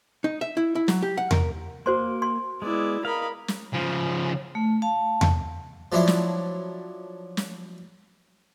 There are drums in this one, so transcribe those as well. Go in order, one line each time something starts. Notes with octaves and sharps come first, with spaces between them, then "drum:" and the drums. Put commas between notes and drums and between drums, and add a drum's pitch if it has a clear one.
D#4
E5
E4
E4
F#3, drum: snare
G4
F#5
A#4, drum: tom E2
A#3 F#4 C5 C6
C6
G#3 B3 E4 D5
A#4 D#5 F5 B5
drum: snare
C#3 F3
A3
F5 A5
drum: tom E2
F3 F#3 D4 E4 E5
drum: snare
drum: snare